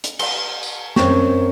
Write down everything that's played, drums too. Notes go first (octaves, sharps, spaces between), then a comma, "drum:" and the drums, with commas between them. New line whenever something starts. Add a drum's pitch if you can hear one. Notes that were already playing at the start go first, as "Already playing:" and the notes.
drum: hi-hat
G7, drum: cymbal
drum: tambourine
F#2 C4 C5 C#6, drum: snare